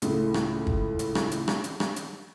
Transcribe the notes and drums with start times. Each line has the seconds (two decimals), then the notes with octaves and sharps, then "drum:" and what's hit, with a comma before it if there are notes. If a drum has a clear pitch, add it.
0.02 C#2 A2, drum: hi-hat
0.34 drum: rim click
0.67 drum: kick
0.99 drum: hi-hat
1.15 drum: rim click
1.31 drum: hi-hat
1.48 drum: rim click
1.64 drum: hi-hat
1.80 drum: rim click
1.96 drum: hi-hat